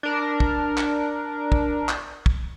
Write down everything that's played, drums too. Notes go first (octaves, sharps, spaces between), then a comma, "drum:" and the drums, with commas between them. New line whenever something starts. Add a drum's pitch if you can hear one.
D4 A#4
drum: kick
drum: clap
drum: kick
drum: clap
drum: kick